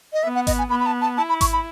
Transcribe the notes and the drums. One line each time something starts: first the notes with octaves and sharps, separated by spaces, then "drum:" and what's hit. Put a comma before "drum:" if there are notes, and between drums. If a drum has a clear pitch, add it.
D#5
B3 E5
F#5
D#5, drum: kick G#1, hi-hat
G#5
B3 B5
B5
A5
A5
E4 A5
B5
C#6, drum: kick G#1, hi-hat
B5